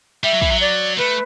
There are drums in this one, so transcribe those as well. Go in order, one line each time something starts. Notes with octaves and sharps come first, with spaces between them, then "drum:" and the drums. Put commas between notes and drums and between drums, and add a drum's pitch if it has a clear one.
G3 E5
F#3
E3, drum: kick
F#3
D5
A3 B4